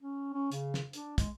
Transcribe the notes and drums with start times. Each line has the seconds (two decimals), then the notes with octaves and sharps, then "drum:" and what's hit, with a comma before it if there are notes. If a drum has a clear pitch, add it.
0.01 C#4
0.34 C#4
0.52 C#3, drum: hi-hat
0.74 drum: snare
0.93 D4, drum: hi-hat
1.18 G#3, drum: kick, hi-hat